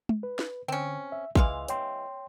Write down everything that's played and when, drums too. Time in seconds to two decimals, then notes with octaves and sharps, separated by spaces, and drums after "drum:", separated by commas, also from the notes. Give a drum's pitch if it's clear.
0.09 drum: tom G#3
0.23 B4
0.39 drum: snare
0.68 D3 C4 C#4
1.12 E5
1.35 C#2 E3 G#3 F5 C6, drum: kick
1.68 C#5 G5 C6, drum: hi-hat